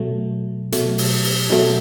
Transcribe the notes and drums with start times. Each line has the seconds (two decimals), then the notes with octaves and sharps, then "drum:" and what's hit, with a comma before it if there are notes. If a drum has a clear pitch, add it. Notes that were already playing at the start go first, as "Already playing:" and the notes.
Already playing: B2 F#3 A3
0.72 B2 F#3 A3, drum: hi-hat
0.98 drum: open hi-hat
1.24 drum: open hi-hat
1.50 B2 F#3 A3, drum: snare